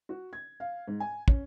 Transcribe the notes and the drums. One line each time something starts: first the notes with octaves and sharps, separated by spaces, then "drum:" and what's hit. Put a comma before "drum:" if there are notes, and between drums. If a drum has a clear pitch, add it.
F#4
G#6
F5
G#2
G#5
C#4, drum: kick